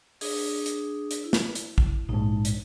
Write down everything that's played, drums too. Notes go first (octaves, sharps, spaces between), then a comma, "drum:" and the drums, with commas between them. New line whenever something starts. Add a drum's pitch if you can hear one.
D4 G#4 D#6, drum: open hi-hat
drum: hi-hat
drum: hi-hat
E4
drum: snare
drum: hi-hat
drum: kick A#1
A#1 G#2 D#4 A5
drum: hi-hat